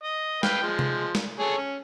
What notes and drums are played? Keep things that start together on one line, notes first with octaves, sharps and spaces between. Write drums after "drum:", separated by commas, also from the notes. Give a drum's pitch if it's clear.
D#5
B4 F5 G5, drum: snare
F3 G#3
drum: tom C3
drum: snare
G#4 A4 C#5
C#4